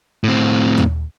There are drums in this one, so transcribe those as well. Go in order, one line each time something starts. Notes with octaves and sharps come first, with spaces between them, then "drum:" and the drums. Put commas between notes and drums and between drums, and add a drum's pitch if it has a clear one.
A2 C4
drum: tom D#2